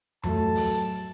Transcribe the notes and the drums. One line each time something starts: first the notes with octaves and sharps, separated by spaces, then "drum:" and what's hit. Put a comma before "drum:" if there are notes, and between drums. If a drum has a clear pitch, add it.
A2 F#3 A3 A5, drum: tom F2
drum: open hi-hat